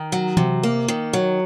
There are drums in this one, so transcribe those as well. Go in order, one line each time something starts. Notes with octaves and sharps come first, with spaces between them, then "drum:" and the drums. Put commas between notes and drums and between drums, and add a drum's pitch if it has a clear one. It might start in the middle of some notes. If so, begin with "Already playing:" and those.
Already playing: D#3
F#3
C3, drum: tom E3
A#3
D#3
F#3